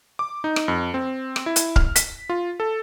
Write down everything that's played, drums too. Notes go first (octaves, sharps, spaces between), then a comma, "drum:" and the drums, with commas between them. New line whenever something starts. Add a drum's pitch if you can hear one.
D6
D#4
drum: rim click
F2
C4
drum: rim click
E4
drum: hi-hat
F6, drum: kick C#1
B6, drum: hi-hat
F4
A4